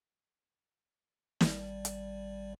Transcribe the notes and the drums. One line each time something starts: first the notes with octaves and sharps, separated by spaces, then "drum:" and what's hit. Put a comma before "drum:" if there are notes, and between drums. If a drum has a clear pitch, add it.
G#1 G3 D5, drum: snare
drum: hi-hat